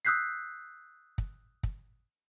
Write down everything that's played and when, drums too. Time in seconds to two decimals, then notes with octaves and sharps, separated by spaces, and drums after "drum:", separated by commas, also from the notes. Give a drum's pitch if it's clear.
0.05 D#6 E6 F#6 G6 B6 C7
1.18 drum: kick
1.63 drum: kick